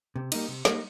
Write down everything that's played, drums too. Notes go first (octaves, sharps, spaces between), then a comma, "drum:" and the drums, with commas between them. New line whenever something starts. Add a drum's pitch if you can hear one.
C3
G3 A#3 D#4, drum: cymbal
C3
G3 A#3 D#4, drum: snare